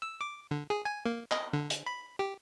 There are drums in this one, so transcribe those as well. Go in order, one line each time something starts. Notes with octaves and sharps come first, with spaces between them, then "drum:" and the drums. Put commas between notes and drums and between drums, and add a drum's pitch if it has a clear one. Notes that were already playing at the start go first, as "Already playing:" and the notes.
E6
D6
D3
G#4
G#5
A#3
D#5, drum: clap
D3
drum: hi-hat
B5
G4